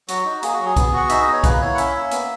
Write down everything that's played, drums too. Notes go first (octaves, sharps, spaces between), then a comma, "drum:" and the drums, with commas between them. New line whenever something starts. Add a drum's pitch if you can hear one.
F#3 F#4, drum: hi-hat
D#4
A#3 G#4, drum: hi-hat
F#4
F#3
G#4
B3, drum: kick B1, hi-hat
F#4 F#5
D#4 E5, drum: hi-hat
D#5
B3
C#5
A#3 B4, drum: kick B1, hi-hat
E4 C#5
F#5
C#4 E5, drum: hi-hat
A#3
B3, drum: hi-hat